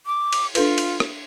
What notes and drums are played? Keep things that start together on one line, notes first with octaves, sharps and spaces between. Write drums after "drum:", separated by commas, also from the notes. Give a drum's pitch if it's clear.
D6
drum: cymbal
D4 F4 A4 B4, drum: cymbal
drum: cymbal
drum: rim click